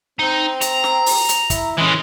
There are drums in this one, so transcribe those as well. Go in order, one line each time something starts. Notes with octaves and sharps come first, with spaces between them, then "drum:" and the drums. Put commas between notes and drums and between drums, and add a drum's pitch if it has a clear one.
C4 D#4
A#5, drum: hi-hat
drum: snare
drum: open hi-hat
drum: hi-hat
E4, drum: kick, hi-hat
E3 G#3 C#4